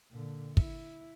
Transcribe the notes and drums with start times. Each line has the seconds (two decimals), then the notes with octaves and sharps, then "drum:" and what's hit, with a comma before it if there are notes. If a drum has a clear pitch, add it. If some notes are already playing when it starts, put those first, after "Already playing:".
0.11 A#2 D3
0.57 E4, drum: kick